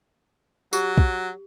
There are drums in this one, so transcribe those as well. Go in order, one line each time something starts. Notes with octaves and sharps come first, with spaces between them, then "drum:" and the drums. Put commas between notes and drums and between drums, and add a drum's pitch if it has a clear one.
F#3 G4, drum: tambourine
drum: kick